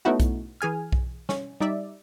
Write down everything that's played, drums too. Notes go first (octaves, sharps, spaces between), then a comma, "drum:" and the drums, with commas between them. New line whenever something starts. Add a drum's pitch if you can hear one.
A3 B3 C#4 D#4 E4 F#4
drum: kick B1, hi-hat
E3 G#4 G#5 F6
drum: kick B1
C#4, drum: snare
G3 D#4 D5 E5